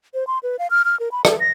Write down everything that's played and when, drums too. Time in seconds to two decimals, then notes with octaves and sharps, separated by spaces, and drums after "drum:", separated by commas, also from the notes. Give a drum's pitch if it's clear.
0.14 C5
0.27 C6
0.43 B4
0.59 F5
0.71 F6
0.85 F6
1.00 A#4
1.12 B5
1.25 A4, drum: rim click
1.40 A#6